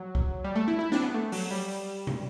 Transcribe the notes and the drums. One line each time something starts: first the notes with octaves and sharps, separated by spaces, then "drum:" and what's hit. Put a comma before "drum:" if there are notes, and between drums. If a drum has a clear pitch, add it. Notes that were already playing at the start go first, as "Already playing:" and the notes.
Already playing: F#3
drum: kick C2
G3
A3
E4
E4
D4, drum: snare
B3
A3
F#3, drum: open hi-hat
G3
drum: tom